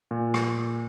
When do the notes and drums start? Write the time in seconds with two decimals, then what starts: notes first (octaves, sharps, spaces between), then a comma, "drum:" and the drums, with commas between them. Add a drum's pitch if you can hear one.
0.11 A#2
0.34 drum: rim click